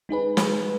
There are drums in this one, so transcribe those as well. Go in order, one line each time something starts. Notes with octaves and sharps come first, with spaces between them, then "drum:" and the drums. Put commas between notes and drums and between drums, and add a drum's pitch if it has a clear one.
G#3 D#4 G#4 B4
drum: snare